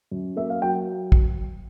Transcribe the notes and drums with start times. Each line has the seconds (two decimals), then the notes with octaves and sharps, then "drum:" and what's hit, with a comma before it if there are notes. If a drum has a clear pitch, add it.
0.11 F#2
0.37 A#3 E5
0.50 F5
0.62 F#3 G5
1.12 drum: kick